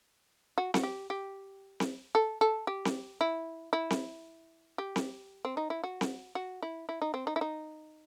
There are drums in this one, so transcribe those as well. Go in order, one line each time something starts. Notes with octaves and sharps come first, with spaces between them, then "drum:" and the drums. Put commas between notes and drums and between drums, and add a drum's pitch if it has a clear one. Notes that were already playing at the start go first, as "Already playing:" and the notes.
F#4
F#4, drum: snare C4
G4
G4
drum: snare C4
A4
A4
G4
drum: snare C4
E4
E4
drum: snare C4
G4
drum: snare C4
C4
D#4
E4
F#4
drum: snare C4
F#4
E4
E4
D#4
C4
D#4
E4
D#4